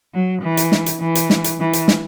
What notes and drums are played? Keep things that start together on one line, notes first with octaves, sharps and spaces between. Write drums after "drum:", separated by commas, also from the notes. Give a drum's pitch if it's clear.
F#3
E3
drum: hi-hat
drum: snare
drum: hi-hat
E3
drum: hi-hat
drum: snare
drum: hi-hat
E3
drum: hi-hat
drum: snare